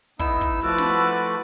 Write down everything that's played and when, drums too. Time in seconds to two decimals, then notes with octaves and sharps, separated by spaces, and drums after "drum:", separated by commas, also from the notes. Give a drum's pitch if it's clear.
0.19 B3 D#4 E4 E6, drum: kick
0.41 drum: kick
0.63 F3 A3 F#4 B4 D5 E6
0.78 drum: snare